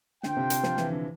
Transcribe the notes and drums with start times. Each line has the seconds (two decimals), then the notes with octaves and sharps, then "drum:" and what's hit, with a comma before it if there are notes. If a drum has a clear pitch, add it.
0.23 D3 F4 C5 G5, drum: snare
0.37 C3
0.50 drum: hi-hat
0.63 F3, drum: snare
0.77 E3, drum: snare
0.91 D3